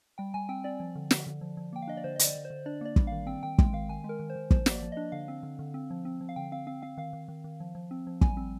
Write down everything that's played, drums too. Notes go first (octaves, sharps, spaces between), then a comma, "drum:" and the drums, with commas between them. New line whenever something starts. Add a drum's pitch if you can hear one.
G3 G5
G3 G#5
C4 G5
C4 D5
F3
D3
D3, drum: snare
D3
F3
F3
A#3 G5
F5
D4 D#5
D5
D3 C5
D#5
D3 D5, drum: hi-hat
D3
C5
D3
D4 D5
A#3 D5
G3, drum: kick
D#3 F5
C4 G5
D#3 G5
G#3 G5, drum: kick
D#3 F5
D#3 G#5
G#3
A#4
D#3
C5
D#3
F3 C5, drum: kick
A#3, drum: snare
D5
F3
D4 D#5
D3 F5
C4
D3
D3
C4
F3
C4
F3
F5
D3 G5
C4 F5
C4 F5
C4 F5
D#3 F5
D#3
D#3
D#3
F3
F3
C4
F3
G3 G#5, drum: kick
C4